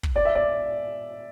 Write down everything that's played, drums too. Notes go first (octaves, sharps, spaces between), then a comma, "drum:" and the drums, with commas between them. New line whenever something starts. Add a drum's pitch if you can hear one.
drum: kick
D5
E5
D5